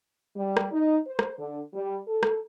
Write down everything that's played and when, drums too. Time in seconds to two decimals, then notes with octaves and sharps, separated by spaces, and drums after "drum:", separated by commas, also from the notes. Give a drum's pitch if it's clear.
0.36 G3
0.57 drum: rim click
0.72 D#4
1.07 C5
1.19 drum: rim click
1.39 D3
1.74 G3
2.08 A4
2.23 drum: rim click